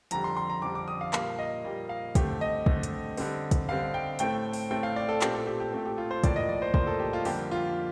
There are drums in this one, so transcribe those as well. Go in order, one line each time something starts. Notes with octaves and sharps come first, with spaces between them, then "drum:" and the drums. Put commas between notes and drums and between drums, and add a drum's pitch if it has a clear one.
F2 D3 G3 A#5, drum: hi-hat
C6
C6
A#5
F2 D3 G3 D6
D6
D#6
F5
A#2 G3 A#3 F5, drum: clap
D#5
A#2 G3 A#3
F5
D3 A3 C4 G4, drum: kick, hi-hat
D#5
D3 A3 C4, drum: kick
drum: hi-hat
D3 G3 C4, drum: open hi-hat
drum: kick, hi-hat
D3 G3 C4 F5
G5
A2 A3 C4 G5, drum: hi-hat
drum: open hi-hat
A2 A3 C4 G5
F5
D5
A4
A#2 A3 C4 G4, drum: clap
A4
G4
G4
A#2 A3 C4
G4
F4
C5
A2 F3 A#3 D5, drum: kick, hi-hat
D#5
D5
C5
A2 F3 A#3 C5, drum: kick
A4
G4
F4
F2 D3 G3 A#3 G4, drum: open hi-hat
F4